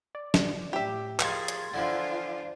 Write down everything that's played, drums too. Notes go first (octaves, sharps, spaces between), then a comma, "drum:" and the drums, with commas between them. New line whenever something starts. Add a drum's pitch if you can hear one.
D5
drum: snare
A2 G4 E5
D#3 F3 G#4 C6 D6 G#6 A6, drum: clap
drum: hi-hat
D3 E3 F3 D4 F4 C5